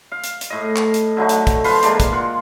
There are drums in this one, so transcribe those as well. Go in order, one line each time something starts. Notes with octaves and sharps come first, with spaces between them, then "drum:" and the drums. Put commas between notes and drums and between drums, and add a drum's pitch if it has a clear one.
F5
drum: hi-hat
drum: hi-hat
A2 D#5
drum: clap
drum: hi-hat
D3 F#3 A3 D#4
drum: hi-hat
drum: kick, hi-hat
F3 B4 F5 C6, drum: open hi-hat
E3 G#3 A#3 D4, drum: hi-hat
drum: kick, hi-hat
F4 F#5